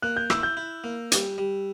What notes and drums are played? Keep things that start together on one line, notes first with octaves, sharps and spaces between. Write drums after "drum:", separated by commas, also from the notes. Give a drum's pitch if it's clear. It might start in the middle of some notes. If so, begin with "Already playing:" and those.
A#3 F#6
G6
E4 E6, drum: rim click
G6
E4
A#3
G3, drum: hi-hat
G3